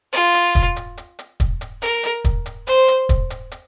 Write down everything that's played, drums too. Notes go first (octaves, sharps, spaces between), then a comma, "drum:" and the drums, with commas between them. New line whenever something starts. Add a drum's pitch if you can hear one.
F4, drum: hi-hat
drum: hi-hat
drum: kick, hi-hat
drum: hi-hat
drum: hi-hat
drum: hi-hat
drum: kick, hi-hat
drum: hi-hat
A#4, drum: hi-hat
drum: hi-hat
drum: kick, hi-hat
drum: hi-hat
C5, drum: hi-hat
drum: hi-hat
drum: kick, hi-hat
drum: hi-hat
drum: hi-hat